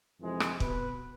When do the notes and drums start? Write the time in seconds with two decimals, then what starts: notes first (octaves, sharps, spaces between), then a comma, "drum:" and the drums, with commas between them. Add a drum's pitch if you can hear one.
0.20 F2 C3 E3 G#3
0.40 drum: rim click
0.60 B2 B3 B4, drum: kick